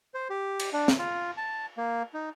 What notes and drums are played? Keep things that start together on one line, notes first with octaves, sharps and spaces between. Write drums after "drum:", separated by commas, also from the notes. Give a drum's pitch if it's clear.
C5
G4
drum: cymbal
D4
drum: snare
F4
A5
A#3
D#4